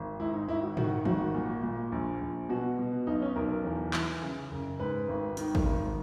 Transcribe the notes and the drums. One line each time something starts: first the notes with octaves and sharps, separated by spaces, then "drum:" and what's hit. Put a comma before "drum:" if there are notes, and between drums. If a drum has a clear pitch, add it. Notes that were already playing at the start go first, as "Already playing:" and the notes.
Already playing: G#1
G#2 E4
D#4
G#1 E4
F#4
D#3 F#4, drum: tom G#2
G#1 F#4, drum: tom D#3
A#2
A#2
A#1
A#1
B2 F#4
B2
B1 D#4
C#4
B1 A#4
A#4
E2
E3, drum: clap
C#3
F#1
G#2 B4
G#1
D#3, drum: hi-hat
drum: kick
G#1